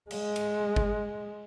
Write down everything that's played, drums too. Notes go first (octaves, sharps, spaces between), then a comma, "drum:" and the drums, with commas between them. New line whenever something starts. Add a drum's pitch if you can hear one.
G#3, drum: cymbal
drum: cymbal
drum: kick G1